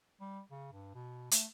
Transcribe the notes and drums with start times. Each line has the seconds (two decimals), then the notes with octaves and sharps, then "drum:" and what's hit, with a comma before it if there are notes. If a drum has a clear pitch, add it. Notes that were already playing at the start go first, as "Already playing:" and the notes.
0.21 G3
0.51 C#3
0.72 G2
0.94 B2
1.31 A3, drum: hi-hat